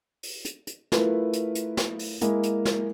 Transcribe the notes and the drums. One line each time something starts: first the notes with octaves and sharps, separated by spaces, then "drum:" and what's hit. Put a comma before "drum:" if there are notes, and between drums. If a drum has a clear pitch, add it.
drum: open hi-hat
drum: hi-hat
drum: hi-hat
A3 E4 F4 A#4 B4, drum: snare
drum: hi-hat
drum: hi-hat
drum: snare
drum: open hi-hat
G#3 A#3 E4, drum: hi-hat
drum: hi-hat
drum: snare